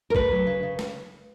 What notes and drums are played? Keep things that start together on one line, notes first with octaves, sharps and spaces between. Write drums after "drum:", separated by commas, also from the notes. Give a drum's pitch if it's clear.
A#4
A3 B4, drum: kick
F#3
C#3
C#3
drum: snare